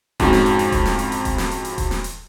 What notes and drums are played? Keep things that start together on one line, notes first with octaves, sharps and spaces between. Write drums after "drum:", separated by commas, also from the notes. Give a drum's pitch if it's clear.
F2 G#2 C#4 F#4, drum: kick D#1, hi-hat
drum: snare
drum: hi-hat
drum: hi-hat
drum: kick D#1, hi-hat
drum: snare
drum: hi-hat
drum: hi-hat
drum: kick D#1, hi-hat
drum: snare
drum: hi-hat
drum: hi-hat
drum: kick D#1, hi-hat
drum: snare
drum: hi-hat